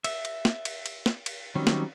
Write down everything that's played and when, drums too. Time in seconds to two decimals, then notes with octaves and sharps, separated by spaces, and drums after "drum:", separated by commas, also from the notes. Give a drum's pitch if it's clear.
0.04 E5, drum: cymbal
0.25 drum: cymbal
0.45 drum: snare
0.65 drum: cymbal
0.86 drum: cymbal
1.06 drum: snare
1.26 drum: cymbal
1.55 D#3 F#3 G3 C4 C#4
1.67 drum: snare